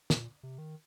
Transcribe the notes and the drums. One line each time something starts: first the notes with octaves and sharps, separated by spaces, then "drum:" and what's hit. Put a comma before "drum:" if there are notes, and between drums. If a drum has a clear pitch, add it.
A#2, drum: snare
C3
D#3